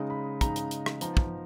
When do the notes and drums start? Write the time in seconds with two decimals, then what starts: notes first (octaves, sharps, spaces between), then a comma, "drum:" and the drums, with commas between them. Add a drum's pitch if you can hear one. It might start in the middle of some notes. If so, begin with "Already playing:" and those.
Already playing: C#3 G#3 D#4
0.10 B5
0.41 C#3 G#3 D#4 A#5, drum: kick, hi-hat
0.56 drum: hi-hat
0.71 drum: hi-hat
0.86 drum: rim click
1.01 F3 B3 D#4 A#5, drum: hi-hat
1.17 drum: kick